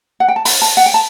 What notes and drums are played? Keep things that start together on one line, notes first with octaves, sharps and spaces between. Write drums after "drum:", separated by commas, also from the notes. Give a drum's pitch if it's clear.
F#5
G5
A5
B5, drum: open hi-hat
A5
F#5
G5
A5